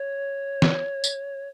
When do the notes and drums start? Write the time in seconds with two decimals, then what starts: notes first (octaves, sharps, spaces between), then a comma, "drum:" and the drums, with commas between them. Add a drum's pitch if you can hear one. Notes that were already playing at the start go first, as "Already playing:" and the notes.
Already playing: C#5
0.62 drum: snare
1.04 drum: tambourine